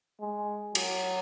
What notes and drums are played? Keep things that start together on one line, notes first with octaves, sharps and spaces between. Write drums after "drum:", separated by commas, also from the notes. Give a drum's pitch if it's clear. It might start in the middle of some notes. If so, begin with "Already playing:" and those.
G#3
F#3, drum: cymbal